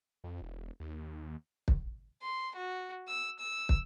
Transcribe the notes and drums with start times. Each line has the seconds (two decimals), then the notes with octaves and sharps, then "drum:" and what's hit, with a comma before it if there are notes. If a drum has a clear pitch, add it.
0.24 F2
0.42 E1
0.80 D#2
1.68 drum: kick
2.22 C6
2.56 F#4
3.08 E6
3.39 E6
3.69 drum: kick